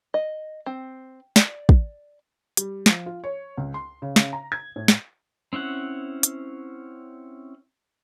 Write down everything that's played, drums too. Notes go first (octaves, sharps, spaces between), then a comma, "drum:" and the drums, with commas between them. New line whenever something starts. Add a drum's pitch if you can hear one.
D#5
C4
D5, drum: snare
drum: kick
G3, drum: hi-hat
F3, drum: snare
F4
C#5
C#2
C6
C#3
C#3, drum: snare
A#5
G#6
A2
drum: snare
C4 C#4 E4 F#5
drum: hi-hat